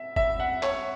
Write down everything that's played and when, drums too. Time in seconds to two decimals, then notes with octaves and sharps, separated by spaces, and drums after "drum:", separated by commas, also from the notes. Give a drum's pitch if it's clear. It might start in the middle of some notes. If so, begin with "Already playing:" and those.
Already playing: E5
0.16 E5, drum: kick F#1
0.40 F#5
0.63 C#5, drum: clap